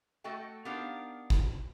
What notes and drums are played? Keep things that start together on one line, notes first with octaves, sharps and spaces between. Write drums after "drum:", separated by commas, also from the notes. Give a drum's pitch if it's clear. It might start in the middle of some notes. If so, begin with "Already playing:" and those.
A3 F#4 A4 D#5 G5
B3 D4 D#4 G4 A#4 F5
drum: kick